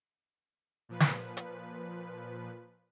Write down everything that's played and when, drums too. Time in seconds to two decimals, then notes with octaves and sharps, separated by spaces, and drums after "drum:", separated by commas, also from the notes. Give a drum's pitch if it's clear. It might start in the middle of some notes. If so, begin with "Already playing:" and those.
0.89 A#2 F3 B4
1.00 drum: snare
1.37 drum: hi-hat